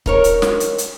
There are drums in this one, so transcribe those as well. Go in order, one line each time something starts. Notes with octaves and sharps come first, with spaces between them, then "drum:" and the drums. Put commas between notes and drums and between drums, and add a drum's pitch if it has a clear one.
D#4 A#4 C#5, drum: kick
drum: hi-hat
drum: snare
drum: hi-hat
drum: hi-hat